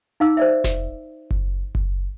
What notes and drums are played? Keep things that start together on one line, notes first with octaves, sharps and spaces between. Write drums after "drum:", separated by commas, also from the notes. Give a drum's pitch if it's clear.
D#4 F5 D6 E6
C5 D5 E5
drum: snare F1
drum: kick F#1
drum: kick F#1